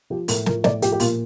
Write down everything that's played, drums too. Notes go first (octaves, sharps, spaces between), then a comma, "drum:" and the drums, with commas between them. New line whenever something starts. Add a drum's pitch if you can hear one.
F3 G4
A2 A#4, drum: open hi-hat
F3 A#4, drum: snare
A2 D5, drum: snare
F3 G4, drum: hi-hat
G4
A#2 F4, drum: open hi-hat